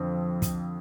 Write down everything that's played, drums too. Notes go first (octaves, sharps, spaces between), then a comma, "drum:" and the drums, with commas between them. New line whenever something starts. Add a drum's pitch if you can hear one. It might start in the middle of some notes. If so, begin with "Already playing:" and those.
Already playing: F2 D3 F3 C4
drum: kick, hi-hat